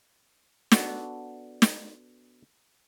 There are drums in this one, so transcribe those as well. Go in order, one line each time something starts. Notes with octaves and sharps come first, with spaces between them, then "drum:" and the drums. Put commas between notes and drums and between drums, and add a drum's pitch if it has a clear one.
B3 D4 F#4 A4, drum: snare
drum: snare